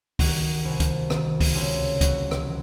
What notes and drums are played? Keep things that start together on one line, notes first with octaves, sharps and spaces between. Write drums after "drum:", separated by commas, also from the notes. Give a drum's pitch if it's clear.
D#3 F#4, drum: kick, open hi-hat
C2
drum: kick, hi-hat
D#3, drum: rim click
drum: kick, open hi-hat
C#2
E3 F#4, drum: kick, hi-hat
drum: rim click